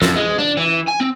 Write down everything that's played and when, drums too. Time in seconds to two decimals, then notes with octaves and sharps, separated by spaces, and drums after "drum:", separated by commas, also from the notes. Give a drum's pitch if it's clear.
0.02 F2, drum: snare
0.16 G#3
0.38 D4
0.57 E3
0.88 G#5
1.01 C4